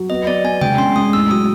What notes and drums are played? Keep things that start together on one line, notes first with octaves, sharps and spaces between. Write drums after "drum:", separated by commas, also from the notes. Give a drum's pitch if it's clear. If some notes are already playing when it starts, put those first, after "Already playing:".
Already playing: F#3
B3 D#5
B3 D5
B3 G#5
G#3 G5, drum: tom C3
C#4 C6
G#3 D#6
A2 E6
F#3 D#6